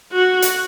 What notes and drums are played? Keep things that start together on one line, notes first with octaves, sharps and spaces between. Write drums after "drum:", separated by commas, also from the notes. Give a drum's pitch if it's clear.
F#4
drum: hi-hat